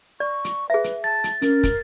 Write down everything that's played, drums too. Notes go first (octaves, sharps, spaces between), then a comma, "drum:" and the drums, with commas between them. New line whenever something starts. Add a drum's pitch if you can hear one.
D5 C#6
drum: hi-hat
G#4 B4 E5
drum: hi-hat
A5 A6
drum: hi-hat
C#4 A#4, drum: hi-hat
drum: kick, hi-hat